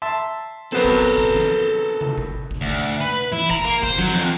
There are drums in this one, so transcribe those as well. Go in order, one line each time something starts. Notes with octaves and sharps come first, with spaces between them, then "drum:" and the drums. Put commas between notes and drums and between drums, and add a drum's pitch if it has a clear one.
E5 A5 C6
F#3 B3 C4 A4 A#4
drum: kick G1
drum: kick G1
drum: snare
drum: tom C3
drum: kick G1
drum: kick G1
D2
B4
E4, drum: tom E3
A#5, drum: kick G1
A#3
C5, drum: kick G1
F#3, drum: snare
F2